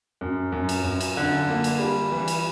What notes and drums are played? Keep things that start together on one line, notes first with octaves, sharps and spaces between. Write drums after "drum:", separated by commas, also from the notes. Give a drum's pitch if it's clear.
F#2
F#2
drum: cymbal
F#2
drum: cymbal
D3
A#3
drum: cymbal
G3
E3
drum: cymbal